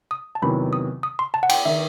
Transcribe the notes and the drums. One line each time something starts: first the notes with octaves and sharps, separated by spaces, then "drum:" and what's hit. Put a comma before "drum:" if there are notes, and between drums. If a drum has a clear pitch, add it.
D#6
A5
E2 C3 D#3 F#3 B3 B5
D#6
D#6
C6
A5
F#5
G5, drum: cymbal
D#3 E5